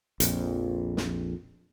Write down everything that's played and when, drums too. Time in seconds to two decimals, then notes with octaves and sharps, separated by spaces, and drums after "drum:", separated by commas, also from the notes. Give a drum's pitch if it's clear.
0.20 A#1 F2, drum: hi-hat
0.97 drum: snare